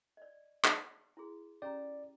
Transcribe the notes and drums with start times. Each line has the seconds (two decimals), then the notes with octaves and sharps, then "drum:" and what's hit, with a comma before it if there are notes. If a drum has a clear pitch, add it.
0.17 D5 D#5
0.64 drum: clap
1.17 E4 F#4 G#4
1.62 C#4 G4 D5 A#5